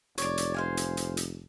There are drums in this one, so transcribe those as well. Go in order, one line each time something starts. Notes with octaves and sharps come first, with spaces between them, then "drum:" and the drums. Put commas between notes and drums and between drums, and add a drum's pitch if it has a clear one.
F1 C#5 D5, drum: hi-hat
drum: hi-hat
C5 F5 G#5
drum: hi-hat
drum: hi-hat
drum: hi-hat